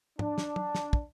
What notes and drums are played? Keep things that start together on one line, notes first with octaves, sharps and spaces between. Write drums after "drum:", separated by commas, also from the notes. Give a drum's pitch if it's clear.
D4, drum: tom
drum: snare
drum: tom
drum: snare
drum: kick